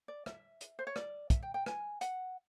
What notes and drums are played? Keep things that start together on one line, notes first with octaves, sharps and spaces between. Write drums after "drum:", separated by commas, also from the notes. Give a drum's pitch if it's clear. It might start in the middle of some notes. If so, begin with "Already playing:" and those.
D5
E5, drum: rim click
drum: hi-hat
C5
C#5
D5, drum: rim click
E5, drum: kick, hi-hat
G5
G5
G#5, drum: rim click
F#5, drum: hi-hat